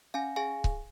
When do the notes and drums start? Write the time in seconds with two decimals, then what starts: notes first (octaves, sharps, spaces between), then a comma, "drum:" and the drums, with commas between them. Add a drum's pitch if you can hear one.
0.14 C#4 F5 G#5
0.36 G#4 F5 G#5
0.64 drum: kick C#1